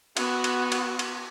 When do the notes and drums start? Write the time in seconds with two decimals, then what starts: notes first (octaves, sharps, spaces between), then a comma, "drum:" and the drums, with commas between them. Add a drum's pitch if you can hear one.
0.17 B3 F#4, drum: cymbal
0.44 drum: cymbal
0.72 drum: cymbal
0.99 drum: cymbal